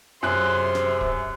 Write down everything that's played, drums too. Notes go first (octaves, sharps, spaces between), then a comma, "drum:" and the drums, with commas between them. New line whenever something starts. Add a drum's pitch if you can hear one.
F#2 C3 G#4 C6 F#6
drum: snare
drum: kick